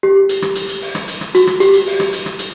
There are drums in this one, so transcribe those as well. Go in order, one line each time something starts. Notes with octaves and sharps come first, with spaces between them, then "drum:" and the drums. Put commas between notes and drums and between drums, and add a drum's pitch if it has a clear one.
G4
drum: hi-hat
drum: rim click
drum: hi-hat
drum: hi-hat
drum: open hi-hat
drum: rim click
drum: hi-hat
drum: rim click
F#4, drum: hi-hat
drum: rim click
G4, drum: hi-hat
drum: hi-hat
drum: open hi-hat
drum: rim click
drum: hi-hat
drum: rim click
drum: hi-hat